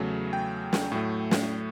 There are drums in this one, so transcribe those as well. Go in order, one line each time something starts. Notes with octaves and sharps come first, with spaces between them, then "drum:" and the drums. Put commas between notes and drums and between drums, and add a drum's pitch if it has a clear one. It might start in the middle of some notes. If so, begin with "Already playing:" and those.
Already playing: E2 C#3 F#3 A3
G5
drum: snare
A2 F#3 A3
drum: snare